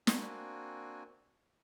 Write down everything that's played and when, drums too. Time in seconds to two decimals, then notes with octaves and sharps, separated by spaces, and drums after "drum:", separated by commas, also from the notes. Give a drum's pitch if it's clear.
0.07 A#3 C4 D4 F#4 G#5, drum: snare